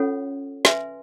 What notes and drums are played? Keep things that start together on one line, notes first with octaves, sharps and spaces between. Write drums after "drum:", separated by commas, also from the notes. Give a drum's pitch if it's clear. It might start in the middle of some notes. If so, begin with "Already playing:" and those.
Already playing: C#4 F4 A4 C#5 F#5
B4 E5 G#5 C6, drum: snare